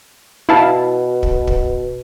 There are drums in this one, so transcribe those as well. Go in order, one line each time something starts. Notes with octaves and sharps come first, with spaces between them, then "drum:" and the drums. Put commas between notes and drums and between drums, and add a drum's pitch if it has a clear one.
B2 E4 F5 A5
drum: kick
drum: kick